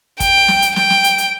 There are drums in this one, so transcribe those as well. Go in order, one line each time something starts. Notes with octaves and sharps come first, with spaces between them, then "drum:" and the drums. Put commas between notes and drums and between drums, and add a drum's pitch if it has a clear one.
G5, drum: kick, hi-hat
drum: snare
drum: hi-hat
G5, drum: snare
drum: snare
drum: hi-hat
drum: hi-hat